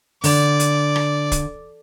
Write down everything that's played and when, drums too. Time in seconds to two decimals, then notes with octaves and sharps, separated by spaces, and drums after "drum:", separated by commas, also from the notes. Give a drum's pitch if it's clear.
0.24 D3 D5, drum: open hi-hat
0.60 drum: hi-hat
0.96 drum: rim click
1.32 drum: kick, hi-hat